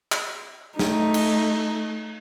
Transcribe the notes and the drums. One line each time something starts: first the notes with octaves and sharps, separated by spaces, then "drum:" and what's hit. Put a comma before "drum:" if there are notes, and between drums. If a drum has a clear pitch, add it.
drum: clap
A3 D#4, drum: snare
drum: cymbal